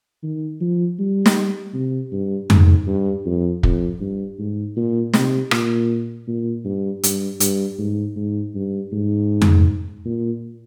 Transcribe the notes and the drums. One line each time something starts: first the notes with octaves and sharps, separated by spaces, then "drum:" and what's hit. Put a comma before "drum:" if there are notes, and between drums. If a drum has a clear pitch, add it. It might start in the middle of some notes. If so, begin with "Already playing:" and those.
D#3
F3
G3
drum: snare
C3
G2
G#2, drum: tom F2
G2
F2
F2, drum: kick
G2
G#2
A#2
C3, drum: snare
A#2, drum: rim click
A#2
G2
G2, drum: hi-hat
G2, drum: hi-hat
G#2
G#2
G2
G#2
drum: tom F2
A#2